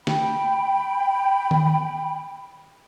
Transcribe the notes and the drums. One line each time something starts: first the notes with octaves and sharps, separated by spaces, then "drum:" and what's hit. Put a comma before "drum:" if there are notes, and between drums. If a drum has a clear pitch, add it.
G5 B5, drum: snare
drum: tom D#3